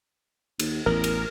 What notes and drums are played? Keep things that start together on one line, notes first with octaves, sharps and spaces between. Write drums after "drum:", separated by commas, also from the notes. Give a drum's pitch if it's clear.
D#2, drum: cymbal
A1 E2 A#4
drum: cymbal